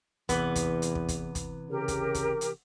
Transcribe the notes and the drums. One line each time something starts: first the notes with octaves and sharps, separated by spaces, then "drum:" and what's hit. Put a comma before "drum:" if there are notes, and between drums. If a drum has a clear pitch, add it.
E2 C3 E3 B3, drum: kick, hi-hat
drum: kick, hi-hat
drum: hi-hat
drum: kick
drum: kick, hi-hat
drum: kick, hi-hat
C#3 G4 A#4
drum: kick, hi-hat
drum: kick, hi-hat
drum: hi-hat